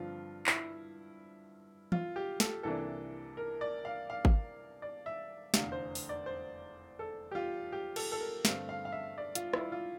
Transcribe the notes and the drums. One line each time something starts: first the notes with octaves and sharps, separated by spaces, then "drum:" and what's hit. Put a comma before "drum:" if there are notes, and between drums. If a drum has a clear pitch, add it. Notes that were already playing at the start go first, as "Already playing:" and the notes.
Already playing: G2 D3 F3 C4 F4
E4, drum: clap
F4, drum: tom
G4
A4, drum: snare
C2 C3 E3 A#3 D4 A4
A#4
D5
F5
F5
drum: kick G#1
D5
E5
F1 E2 D3 F5, drum: snare
C5
drum: open hi-hat
D5
C5
A4
G4
F4
G4
A4, drum: cymbal
A4
A#4
G2 D3 A3 C4 F5, drum: snare
F5
F5
E5
D5
F4, drum: hi-hat
E4, drum: rim click
F4